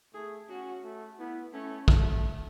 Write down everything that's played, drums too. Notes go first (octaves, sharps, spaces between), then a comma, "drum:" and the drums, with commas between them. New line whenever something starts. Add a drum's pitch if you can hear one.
A3 G#4
C#4 F#4
A3
B3 E4
A3 C#4
A3, drum: kick